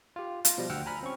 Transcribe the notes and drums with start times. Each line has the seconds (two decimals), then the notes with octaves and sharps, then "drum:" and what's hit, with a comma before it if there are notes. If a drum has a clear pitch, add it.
0.16 F4 G4
0.45 F4 A#6, drum: hi-hat
0.58 B2 F3 G3
0.70 D2 F#5 G5 E6 F6
0.86 G#5 A#5 B5 F6
1.03 C4 C#4 C#6